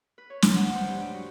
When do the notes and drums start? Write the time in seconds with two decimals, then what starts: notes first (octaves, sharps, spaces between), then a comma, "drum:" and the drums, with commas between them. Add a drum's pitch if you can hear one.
0.18 B4
0.30 C#5
0.42 G#5, drum: snare
0.55 F#5
0.75 C5
0.88 G2
1.00 G5
1.14 F#4